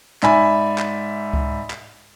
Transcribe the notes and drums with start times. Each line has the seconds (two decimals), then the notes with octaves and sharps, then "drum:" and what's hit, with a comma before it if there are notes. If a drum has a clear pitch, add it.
0.23 G#2 D5 E5 G#5 B5, drum: clap
0.78 drum: clap
1.33 drum: kick C#2
1.70 drum: clap